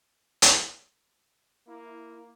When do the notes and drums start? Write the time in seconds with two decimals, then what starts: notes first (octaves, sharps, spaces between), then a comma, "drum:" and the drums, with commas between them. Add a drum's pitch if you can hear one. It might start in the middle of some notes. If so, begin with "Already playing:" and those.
0.42 drum: hi-hat
1.67 A#3 E4